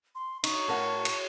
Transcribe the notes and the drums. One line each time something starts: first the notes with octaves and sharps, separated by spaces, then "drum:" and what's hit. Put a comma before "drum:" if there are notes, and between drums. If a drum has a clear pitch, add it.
C6
D#4 C#6, drum: cymbal
A2 A#4 F#5
drum: cymbal